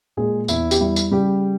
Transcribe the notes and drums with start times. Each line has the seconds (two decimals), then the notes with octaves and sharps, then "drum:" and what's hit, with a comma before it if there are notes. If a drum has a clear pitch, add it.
0.17 A#2 G#3 G#4
0.48 E2 E4, drum: tambourine
0.71 G4, drum: tambourine
0.81 G3 E4
0.96 drum: tambourine
1.11 C#3 G3 G4